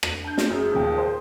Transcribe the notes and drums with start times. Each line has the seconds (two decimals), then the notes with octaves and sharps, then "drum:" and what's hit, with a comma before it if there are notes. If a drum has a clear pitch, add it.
0.03 drum: rim click
0.24 D4 A5 G6
0.38 G#3, drum: snare
0.50 F#2 G#4
0.71 D#2 A#2 F3
0.98 C5